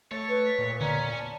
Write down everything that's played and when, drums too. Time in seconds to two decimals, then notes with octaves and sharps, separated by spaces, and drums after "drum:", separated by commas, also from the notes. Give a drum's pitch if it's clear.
0.12 A3 C#5 A6
0.28 B4
0.45 B6
0.59 A#2
0.81 C#4 D5 A#5, drum: tom D3
1.19 A5